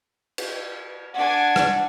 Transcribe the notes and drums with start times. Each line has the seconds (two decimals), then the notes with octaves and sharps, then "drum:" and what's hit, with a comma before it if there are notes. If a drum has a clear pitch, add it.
0.38 drum: cymbal
1.14 D4 F#5 G#5
1.56 drum: rim click